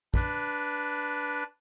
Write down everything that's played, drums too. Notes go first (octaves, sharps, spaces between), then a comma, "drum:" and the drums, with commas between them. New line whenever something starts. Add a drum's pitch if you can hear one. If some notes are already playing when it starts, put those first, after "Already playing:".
D4 B4, drum: kick